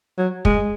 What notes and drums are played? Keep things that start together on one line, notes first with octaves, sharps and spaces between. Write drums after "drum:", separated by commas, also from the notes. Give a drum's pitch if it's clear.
F#3
G#3, drum: kick